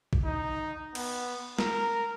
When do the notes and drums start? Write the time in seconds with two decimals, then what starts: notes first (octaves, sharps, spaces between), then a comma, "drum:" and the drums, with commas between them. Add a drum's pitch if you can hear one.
0.13 drum: kick A1
0.25 D#4
0.95 B3, drum: cymbal
1.59 A#4, drum: snare